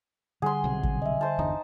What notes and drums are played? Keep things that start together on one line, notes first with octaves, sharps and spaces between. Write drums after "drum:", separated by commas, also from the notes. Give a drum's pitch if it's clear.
D3 G3 G#4 F#5 C6
B1 C3
drum: kick
D#5 E5
C5 A5
G1 E2 D3 D#4